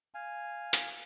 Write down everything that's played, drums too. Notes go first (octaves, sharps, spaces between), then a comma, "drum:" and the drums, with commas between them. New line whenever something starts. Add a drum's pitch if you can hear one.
F5 G#5
drum: hi-hat